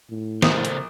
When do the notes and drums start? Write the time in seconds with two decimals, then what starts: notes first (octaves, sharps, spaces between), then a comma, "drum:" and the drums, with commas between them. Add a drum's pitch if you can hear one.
0.10 A2
0.42 A#1 C#3 A#3 A4 C5 D#6, drum: snare
0.65 drum: hi-hat